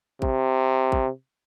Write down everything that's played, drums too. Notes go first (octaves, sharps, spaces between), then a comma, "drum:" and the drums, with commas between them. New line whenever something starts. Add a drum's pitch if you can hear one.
C3, drum: kick
drum: kick